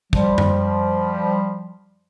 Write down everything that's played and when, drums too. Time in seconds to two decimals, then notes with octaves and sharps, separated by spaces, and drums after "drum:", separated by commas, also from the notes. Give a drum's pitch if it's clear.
0.13 F3 G3, drum: kick
0.38 drum: tom F#2